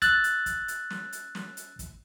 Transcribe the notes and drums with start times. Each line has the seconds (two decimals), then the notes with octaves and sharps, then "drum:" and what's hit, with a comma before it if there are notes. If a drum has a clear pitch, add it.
0.02 E6 F#6 A6, drum: kick, hi-hat
0.24 drum: hi-hat
0.46 drum: kick, hi-hat
0.68 drum: hi-hat
0.90 drum: snare
1.13 drum: hi-hat
1.35 drum: snare
1.57 drum: hi-hat
1.79 drum: kick, hi-hat